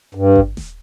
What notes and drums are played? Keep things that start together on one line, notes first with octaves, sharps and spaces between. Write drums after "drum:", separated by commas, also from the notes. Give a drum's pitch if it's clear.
G2
drum: kick G#1
drum: snare D#1